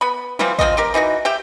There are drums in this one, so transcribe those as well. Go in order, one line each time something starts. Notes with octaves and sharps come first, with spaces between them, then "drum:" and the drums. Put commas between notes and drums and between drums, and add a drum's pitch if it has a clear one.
B3 B5
E3 F3 G3 C4, drum: snare
F3 B3 C4 D#5, drum: kick
C4 G4 A#4
E3 D#4 E4 F#4
G4 E5 G5